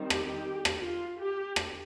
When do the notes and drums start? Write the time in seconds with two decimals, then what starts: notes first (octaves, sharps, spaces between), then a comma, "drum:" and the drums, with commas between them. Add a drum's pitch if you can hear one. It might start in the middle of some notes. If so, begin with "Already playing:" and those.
Already playing: D#3 G3 C4 D#4
0.10 G4, drum: rim click
0.65 drum: rim click
0.84 F4
1.19 G4
1.56 drum: rim click